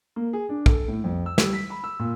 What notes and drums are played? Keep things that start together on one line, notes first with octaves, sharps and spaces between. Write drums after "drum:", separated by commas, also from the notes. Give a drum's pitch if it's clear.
A#3
G#4
D4
A4, drum: kick
A2
F2
E6
G3, drum: snare
B6
B5
E6
A#2